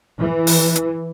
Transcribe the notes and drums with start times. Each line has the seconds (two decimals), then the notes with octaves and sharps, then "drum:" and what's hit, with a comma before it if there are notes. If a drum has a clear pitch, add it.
0.18 E3
0.47 drum: open hi-hat
0.76 drum: hi-hat